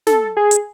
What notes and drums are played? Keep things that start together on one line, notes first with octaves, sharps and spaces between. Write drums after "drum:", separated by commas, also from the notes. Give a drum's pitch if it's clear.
A4, drum: snare
G#4
drum: hi-hat